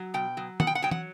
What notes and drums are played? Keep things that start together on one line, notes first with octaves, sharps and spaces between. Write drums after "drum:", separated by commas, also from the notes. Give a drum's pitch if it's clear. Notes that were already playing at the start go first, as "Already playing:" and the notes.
Already playing: F#3
B2 G5
F#3
B2 F#5, drum: tom
G5
F#5
F#3 G5
F#5, drum: tom